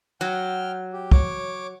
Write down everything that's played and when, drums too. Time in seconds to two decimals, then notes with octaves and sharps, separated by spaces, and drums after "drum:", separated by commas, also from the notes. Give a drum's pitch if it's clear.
0.21 F#3 G5 F6
0.93 G4
1.11 C#5 D6, drum: kick